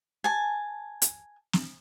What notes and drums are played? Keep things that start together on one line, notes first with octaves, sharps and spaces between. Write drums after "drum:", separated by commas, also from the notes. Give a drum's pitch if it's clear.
G#5 A5
drum: hi-hat
drum: snare